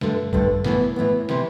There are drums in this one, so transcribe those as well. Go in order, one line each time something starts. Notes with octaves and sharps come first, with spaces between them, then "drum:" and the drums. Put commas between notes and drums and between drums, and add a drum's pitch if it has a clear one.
G2 D3 A3, drum: snare
G2 D3 A3, drum: kick
A2 E3 B3, drum: snare
A2 E3 B3
C3 E3, drum: snare